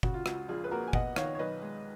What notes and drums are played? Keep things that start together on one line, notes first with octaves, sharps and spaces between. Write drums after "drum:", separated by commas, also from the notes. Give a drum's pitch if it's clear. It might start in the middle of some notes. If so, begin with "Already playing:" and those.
C#3 F#4, drum: kick
F4
C#2 F#4, drum: rim click
A#1 F4 G#4
B4
A#3 F#4 A#4
G#5
B3 D#5 F#5, drum: kick
D#3 C#5 F5, drum: rim click
C#5
B1 B4 D#5
G#3